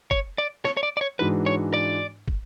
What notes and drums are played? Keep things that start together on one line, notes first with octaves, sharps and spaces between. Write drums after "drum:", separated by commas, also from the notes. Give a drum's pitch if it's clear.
C#5, drum: kick
D5
C#5, drum: rim click
C#5
D5
D5
C#5
G#2 E3 G#3 D4 F#4 B4
C#5
D5
drum: kick